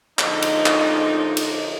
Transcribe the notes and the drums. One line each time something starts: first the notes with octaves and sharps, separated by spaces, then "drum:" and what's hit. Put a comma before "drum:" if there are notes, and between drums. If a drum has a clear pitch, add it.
D3 F3 G#3 D#4, drum: clap
drum: cymbal
drum: clap
drum: cymbal